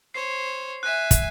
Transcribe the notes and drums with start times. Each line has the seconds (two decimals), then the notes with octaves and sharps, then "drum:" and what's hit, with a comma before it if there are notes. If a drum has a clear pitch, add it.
0.14 C5 C#5 C7
0.83 E5 G#5 F#6
1.11 drum: kick, hi-hat